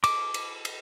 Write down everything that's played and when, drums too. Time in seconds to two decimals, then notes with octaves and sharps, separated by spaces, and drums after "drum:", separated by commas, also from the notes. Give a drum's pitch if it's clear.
0.04 D6, drum: cymbal
0.34 drum: cymbal
0.65 drum: cymbal